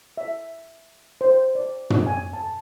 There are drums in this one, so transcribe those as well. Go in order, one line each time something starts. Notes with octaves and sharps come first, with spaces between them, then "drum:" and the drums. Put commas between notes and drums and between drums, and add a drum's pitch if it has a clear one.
E5
C5
D5
drum: tom
G#5
A5